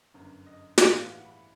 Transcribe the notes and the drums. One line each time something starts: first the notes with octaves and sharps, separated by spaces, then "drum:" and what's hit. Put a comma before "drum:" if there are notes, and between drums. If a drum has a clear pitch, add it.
G1 F#2 D3 A#4
D#5
A2 E3 G3 E5, drum: snare
F5
F#5
B5